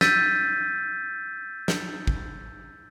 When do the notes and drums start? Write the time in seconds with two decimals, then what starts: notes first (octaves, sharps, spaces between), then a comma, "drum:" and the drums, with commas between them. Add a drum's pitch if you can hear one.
0.01 E6 G6 A6 B6 D#7, drum: snare
1.68 drum: snare
2.07 drum: kick